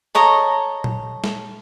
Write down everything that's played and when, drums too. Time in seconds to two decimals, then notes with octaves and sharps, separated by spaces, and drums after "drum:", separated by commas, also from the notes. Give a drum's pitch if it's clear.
0.15 A4 C#5 D#5 A#5
0.84 drum: tom A#2
1.24 drum: snare